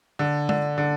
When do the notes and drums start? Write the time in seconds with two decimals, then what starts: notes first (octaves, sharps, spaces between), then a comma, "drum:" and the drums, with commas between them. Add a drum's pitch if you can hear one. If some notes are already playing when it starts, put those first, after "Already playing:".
0.19 D3
0.49 D3, drum: tom
0.78 D3